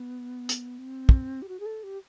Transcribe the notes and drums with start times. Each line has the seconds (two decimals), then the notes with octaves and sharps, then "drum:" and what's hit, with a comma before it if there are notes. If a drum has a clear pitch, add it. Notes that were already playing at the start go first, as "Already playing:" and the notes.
Already playing: B3
0.49 drum: hi-hat
0.78 C4
1.09 drum: kick
1.42 G4
1.48 F#4
1.60 G#4
1.66 A4
1.83 G4